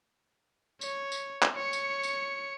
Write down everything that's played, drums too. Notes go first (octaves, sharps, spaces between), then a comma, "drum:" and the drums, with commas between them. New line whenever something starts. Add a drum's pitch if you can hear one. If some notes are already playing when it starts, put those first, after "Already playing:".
C#5, drum: tambourine
drum: tambourine
drum: clap
C#5 C#7
drum: tambourine
drum: tambourine